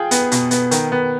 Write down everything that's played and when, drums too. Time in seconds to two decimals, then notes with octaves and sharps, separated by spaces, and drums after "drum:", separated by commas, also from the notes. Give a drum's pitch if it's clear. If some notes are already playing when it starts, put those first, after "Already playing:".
Already playing: F4 G#4 G5
0.11 B3, drum: hi-hat
0.32 B2, drum: hi-hat
0.51 B3, drum: hi-hat
0.71 D#3, drum: hi-hat
0.92 B3